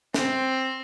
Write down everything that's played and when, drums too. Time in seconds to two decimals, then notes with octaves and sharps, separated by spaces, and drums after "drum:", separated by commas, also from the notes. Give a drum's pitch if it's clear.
0.14 C4, drum: snare